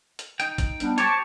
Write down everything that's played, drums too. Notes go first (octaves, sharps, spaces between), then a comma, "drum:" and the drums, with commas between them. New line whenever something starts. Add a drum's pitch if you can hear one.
drum: hi-hat
D#4 G5, drum: hi-hat
drum: kick G#1, hi-hat
G3 B3 D4, drum: hi-hat
G4 C5 C#5 A5 C#6 D6, drum: hi-hat